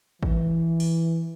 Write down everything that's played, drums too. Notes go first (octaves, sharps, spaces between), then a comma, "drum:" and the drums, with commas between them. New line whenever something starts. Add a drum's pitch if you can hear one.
E3, drum: kick G#1
drum: open hi-hat